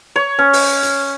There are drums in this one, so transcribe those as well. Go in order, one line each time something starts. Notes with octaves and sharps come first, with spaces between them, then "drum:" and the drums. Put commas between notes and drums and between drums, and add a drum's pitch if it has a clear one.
C#5
C#4
drum: open hi-hat
drum: hi-hat